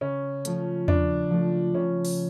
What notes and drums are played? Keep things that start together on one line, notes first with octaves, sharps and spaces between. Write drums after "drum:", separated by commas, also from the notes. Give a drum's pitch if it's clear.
C#3 C#4
F3 A3, drum: hi-hat
C#3 D4, drum: tom E2
F3 A3
C#3 C#4
drum: open hi-hat